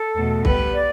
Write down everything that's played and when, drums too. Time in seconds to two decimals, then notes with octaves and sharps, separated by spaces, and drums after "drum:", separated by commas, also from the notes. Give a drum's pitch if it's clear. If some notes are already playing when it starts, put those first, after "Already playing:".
Already playing: A4
0.15 E2 B2 A3
0.45 G3 B3 G4 B4, drum: kick
0.74 D5